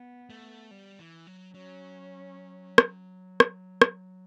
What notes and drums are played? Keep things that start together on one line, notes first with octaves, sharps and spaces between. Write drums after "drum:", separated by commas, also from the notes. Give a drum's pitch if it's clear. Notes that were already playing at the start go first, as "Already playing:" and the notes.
Already playing: B3
A3
G3
E3
F#3
F#3 C#4
drum: rim click
drum: rim click
drum: rim click